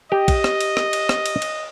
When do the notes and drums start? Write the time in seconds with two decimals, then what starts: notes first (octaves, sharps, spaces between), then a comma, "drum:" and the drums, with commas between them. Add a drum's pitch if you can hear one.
0.12 G4 D#5
0.28 drum: kick, cymbal
0.44 drum: rim click
0.61 drum: cymbal
0.77 drum: rim click
0.93 drum: cymbal
1.09 drum: rim click
1.26 drum: cymbal
1.42 drum: cymbal